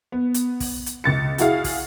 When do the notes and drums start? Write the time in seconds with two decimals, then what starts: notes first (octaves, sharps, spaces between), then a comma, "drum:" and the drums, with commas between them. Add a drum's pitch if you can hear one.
0.12 B3
0.34 drum: hi-hat
0.60 drum: kick, open hi-hat
0.86 drum: hi-hat
1.04 C#2 A6 C#7
1.38 E4 F#4 G#4 F5, drum: hi-hat
1.64 drum: kick, open hi-hat